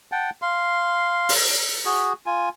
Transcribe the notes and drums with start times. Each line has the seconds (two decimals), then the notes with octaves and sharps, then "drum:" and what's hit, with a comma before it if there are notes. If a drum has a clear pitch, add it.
0.12 F#5 G5 A5
0.42 F5 C6
1.29 drum: open hi-hat
1.85 F#4 G#4
2.26 F4 G#5